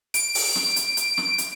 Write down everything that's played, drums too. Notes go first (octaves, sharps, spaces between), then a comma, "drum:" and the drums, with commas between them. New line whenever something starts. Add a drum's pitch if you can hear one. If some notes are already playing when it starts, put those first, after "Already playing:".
D7, drum: hi-hat
drum: open hi-hat
drum: snare
drum: hi-hat
drum: hi-hat
drum: snare
drum: hi-hat